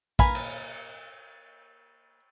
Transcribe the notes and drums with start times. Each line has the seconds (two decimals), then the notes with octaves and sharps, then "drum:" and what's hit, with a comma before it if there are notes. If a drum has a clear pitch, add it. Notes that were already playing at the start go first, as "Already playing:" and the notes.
0.19 A#3 A#4 B4 G#5 B5, drum: kick
0.35 drum: cymbal